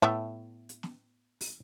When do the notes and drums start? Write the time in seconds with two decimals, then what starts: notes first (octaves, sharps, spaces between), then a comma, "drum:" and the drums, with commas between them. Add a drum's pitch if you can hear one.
0.02 A2 A3 B3 E5
0.69 drum: hi-hat
0.83 drum: snare
1.41 drum: open hi-hat